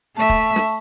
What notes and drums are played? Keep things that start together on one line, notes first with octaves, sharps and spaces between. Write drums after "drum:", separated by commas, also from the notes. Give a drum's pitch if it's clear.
A3 E5 A5 C#6
drum: kick
drum: snare